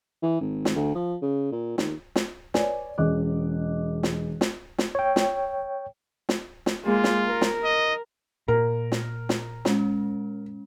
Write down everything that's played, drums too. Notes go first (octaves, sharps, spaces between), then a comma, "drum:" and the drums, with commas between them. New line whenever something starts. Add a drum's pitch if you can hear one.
E3
G#1
drum: snare
D2
F3
C#3
A#2
D#2, drum: snare
drum: snare
B4 C#5 D5 G#5, drum: snare
E1 C#4 G#4 D#5 D6 F#6
drum: snare
drum: snare
drum: snare
C#5 G5
drum: snare
drum: snare
drum: snare
G#3 A#3 F4
drum: snare
A#4
drum: snare
D#5
A#2 A#4
drum: snare
drum: snare
G#3 C#4, drum: snare